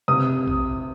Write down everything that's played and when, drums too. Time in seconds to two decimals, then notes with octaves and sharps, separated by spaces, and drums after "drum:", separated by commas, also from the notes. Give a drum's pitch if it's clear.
0.08 C3 D#6
0.48 drum: kick A#1